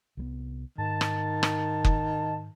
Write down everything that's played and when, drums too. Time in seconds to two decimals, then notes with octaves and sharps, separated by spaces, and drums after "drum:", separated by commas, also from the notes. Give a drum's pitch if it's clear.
0.17 C2 G3 B3
0.78 G#2 D#3 A5
1.01 drum: rim click
1.43 drum: rim click
1.85 drum: kick F#1